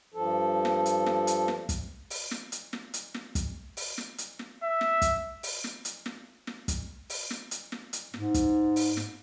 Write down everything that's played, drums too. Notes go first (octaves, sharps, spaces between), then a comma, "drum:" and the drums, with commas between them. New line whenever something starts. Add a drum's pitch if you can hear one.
G2 F3 A4
drum: snare
drum: hi-hat
drum: snare
drum: hi-hat
drum: snare
drum: kick, hi-hat
drum: open hi-hat
drum: snare
drum: hi-hat
drum: snare
drum: hi-hat
drum: snare
drum: kick, hi-hat
drum: open hi-hat
drum: snare
drum: hi-hat
drum: snare
E5
drum: snare
drum: kick, hi-hat
drum: open hi-hat
drum: snare
drum: hi-hat
drum: snare
drum: snare
drum: kick, hi-hat
drum: open hi-hat
drum: snare
drum: hi-hat
drum: snare
drum: hi-hat
G#2, drum: snare
drum: kick, hi-hat
drum: open hi-hat
drum: snare